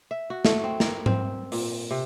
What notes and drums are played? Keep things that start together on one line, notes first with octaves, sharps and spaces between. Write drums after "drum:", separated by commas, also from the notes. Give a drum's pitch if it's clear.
E5
F#4
A3, drum: snare
C4
A#4, drum: snare
C4, drum: tom G#2
A#2, drum: open hi-hat
C3